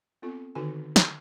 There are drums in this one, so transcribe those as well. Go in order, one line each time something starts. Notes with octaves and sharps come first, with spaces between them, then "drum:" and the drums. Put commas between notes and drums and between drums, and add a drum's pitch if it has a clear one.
B3 C4 F4 A4
D3 D#3 D#4 F#4 A4 G#5
drum: snare